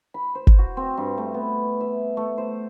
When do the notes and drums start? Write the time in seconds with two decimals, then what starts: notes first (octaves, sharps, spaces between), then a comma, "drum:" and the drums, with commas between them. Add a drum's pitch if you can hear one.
0.14 B5
0.35 C5
0.47 drum: kick G1
0.59 F#4
0.77 C4
0.97 G2
1.18 A3
1.34 B3
1.81 E5
2.17 A3
2.38 C5